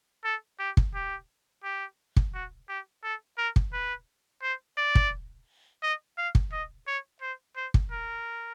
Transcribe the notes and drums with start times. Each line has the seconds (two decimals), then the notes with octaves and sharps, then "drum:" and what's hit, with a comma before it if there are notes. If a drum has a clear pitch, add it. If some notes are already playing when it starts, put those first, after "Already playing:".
0.25 A4
0.60 G4
0.77 drum: kick
0.95 G4
1.64 G4
2.16 drum: kick
2.34 F#4
2.69 G4
3.04 A4
3.38 A#4
3.56 drum: kick
3.73 B4
4.43 C5
4.78 D5
4.95 drum: kick
5.83 D#5
6.18 F5
6.35 drum: kick
6.52 D#5
6.87 C#5
7.22 C5
7.56 C5
7.74 drum: kick
7.92 A#4